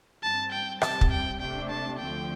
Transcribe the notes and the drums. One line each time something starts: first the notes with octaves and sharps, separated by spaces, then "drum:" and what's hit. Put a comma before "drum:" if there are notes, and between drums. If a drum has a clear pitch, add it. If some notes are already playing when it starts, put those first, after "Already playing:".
G2 G3 C4 A5
G5
C3 G3 C4 A5, drum: rim click
drum: kick
G5
C3 A3 D4 G5
A5
D2 D3 F3 A3 C4 G5